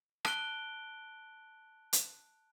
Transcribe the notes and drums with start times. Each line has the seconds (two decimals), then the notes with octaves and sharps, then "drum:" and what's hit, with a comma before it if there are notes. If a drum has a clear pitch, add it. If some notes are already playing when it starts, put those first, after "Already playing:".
0.25 A5 F#6 D7 G7, drum: rim click
1.93 drum: hi-hat